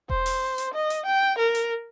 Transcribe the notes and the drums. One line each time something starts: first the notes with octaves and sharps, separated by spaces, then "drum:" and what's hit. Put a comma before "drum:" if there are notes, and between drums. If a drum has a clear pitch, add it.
C5, drum: kick E1
drum: open hi-hat
drum: hi-hat
D#5
drum: hi-hat
G5
A#4
drum: hi-hat